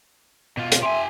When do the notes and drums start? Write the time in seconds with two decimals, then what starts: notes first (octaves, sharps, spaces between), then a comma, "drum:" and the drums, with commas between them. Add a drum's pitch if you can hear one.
0.57 B2 F4
0.72 drum: hi-hat
0.83 G4 E5 G#5 C6